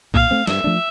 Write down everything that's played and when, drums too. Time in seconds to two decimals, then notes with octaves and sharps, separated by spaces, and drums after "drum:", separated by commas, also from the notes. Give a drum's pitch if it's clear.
0.14 A#2 F5, drum: kick B1
0.31 A3 C4
0.47 G2 E5, drum: snare
0.64 F3 A3 D4